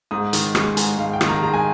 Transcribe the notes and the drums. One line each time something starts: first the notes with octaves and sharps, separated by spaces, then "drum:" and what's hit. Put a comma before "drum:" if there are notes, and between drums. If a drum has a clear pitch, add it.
G#2 D#6
D#3, drum: hi-hat
G#3 C#6, drum: rim click
G#2 G#5, drum: hi-hat
G#2 F5
G5
D#3, drum: rim click
A#5
G#3 A#5
G#5